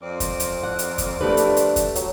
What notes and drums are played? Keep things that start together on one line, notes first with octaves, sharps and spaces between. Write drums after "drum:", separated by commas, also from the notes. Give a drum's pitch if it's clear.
F2 C4 D5
drum: kick D#2, hi-hat
drum: hi-hat
F#5
drum: hi-hat
drum: kick D#2, hi-hat
A3 D4 G4 B4
drum: hi-hat
drum: hi-hat
drum: kick D#2, hi-hat
F#3, drum: hi-hat